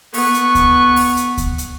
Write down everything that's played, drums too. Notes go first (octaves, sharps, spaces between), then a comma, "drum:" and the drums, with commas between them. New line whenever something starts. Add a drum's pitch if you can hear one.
B3 C#6, drum: open hi-hat
drum: hi-hat
drum: kick D2, hi-hat
drum: open hi-hat
drum: hi-hat
drum: kick D2, hi-hat
drum: hi-hat